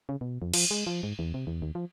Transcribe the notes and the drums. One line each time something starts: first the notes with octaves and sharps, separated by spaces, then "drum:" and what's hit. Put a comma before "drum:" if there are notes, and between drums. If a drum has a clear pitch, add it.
C#3
B2
F2
F3, drum: cymbal
G#3
F3
G#2
E2
C3
E2
D#2
F3